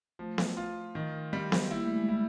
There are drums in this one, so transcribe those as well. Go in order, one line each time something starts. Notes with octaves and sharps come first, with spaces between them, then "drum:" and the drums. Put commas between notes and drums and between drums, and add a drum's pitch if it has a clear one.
F3 A3
drum: snare B3
F4
D#3
G3
drum: snare B3
A#3 E4
A3
G#3
A3 E4